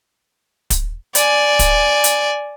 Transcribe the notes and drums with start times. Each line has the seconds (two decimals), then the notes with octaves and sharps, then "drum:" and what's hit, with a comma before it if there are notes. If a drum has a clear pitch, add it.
0.70 drum: kick, hi-hat
1.15 D5 G#5, drum: hi-hat
1.59 drum: kick, hi-hat
2.04 drum: hi-hat